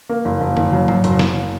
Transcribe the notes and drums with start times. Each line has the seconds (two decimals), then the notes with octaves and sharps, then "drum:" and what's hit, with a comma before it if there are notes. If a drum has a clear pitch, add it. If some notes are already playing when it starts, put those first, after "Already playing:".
0.09 A#3
0.25 F#1
0.41 F#1
0.57 F#1, drum: tom D3
0.72 F#2
0.88 F#2, drum: tom G#2
1.04 F#1, drum: hi-hat
1.19 F#1, drum: snare